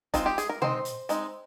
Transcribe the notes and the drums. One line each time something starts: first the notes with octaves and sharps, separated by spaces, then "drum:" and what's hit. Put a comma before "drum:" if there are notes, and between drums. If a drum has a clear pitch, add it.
G#3 C4 D#4 F4, drum: kick, hi-hat
G4
G#4, drum: hi-hat
A#4
G#3 C4 D#4 C5, drum: tom B2
drum: hi-hat
G#3 C4 D#4, drum: hi-hat